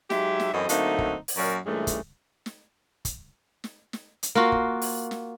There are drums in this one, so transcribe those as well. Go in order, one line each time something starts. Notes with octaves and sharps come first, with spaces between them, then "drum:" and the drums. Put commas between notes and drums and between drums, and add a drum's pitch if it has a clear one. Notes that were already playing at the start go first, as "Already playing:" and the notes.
F#3 G#3 D#4 G4 E5, drum: snare
drum: snare
F#2 E3 C4 F#4 A4 D#5
D3 F#3 A3 A#3 C4 D#4, drum: hi-hat
drum: kick
drum: open hi-hat
F#2 A#2 A#4
G2 A#2 E3 G#3 A3 C#4
drum: kick, hi-hat
drum: snare
drum: kick, hi-hat
drum: snare
drum: snare
drum: hi-hat
A#3 F4 F#4
drum: kick
drum: open hi-hat
drum: snare